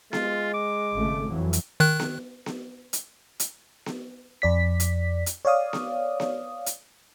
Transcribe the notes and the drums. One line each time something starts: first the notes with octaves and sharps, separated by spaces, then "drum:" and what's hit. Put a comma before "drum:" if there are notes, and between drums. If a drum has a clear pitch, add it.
G#3 F4, drum: snare B3
D6
G#1 C#3 A3
F2 E3 F#3
drum: hi-hat
D#3 F#6
drum: snare B3
drum: snare B3
drum: hi-hat
drum: hi-hat
drum: snare B3
F2 D5 B6
drum: hi-hat
drum: hi-hat
C#5 D5 F5 D#6
drum: snare B3
drum: snare B3
drum: hi-hat